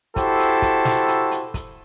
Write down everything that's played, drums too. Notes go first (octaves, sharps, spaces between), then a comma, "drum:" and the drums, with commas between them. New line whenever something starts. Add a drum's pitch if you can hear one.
E4 F#4 G4 A4 C5, drum: kick, hi-hat
drum: hi-hat
drum: kick, hi-hat
drum: snare
drum: hi-hat
drum: hi-hat
drum: kick, hi-hat